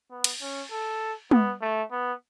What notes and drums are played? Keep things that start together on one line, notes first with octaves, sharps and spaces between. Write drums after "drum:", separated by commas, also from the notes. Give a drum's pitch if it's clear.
B3
drum: cymbal
C#4
A4
B3, drum: tom
A3
B3